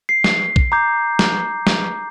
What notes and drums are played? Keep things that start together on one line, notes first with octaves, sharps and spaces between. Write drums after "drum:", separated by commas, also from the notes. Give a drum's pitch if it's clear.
C7
drum: snare
drum: kick A#1
A#5 D6 G6
drum: snare
drum: snare